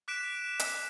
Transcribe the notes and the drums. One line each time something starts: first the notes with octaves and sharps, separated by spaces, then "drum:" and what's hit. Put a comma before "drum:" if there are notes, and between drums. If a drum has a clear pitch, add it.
D6 F#6 B6 D7 E7
drum: hi-hat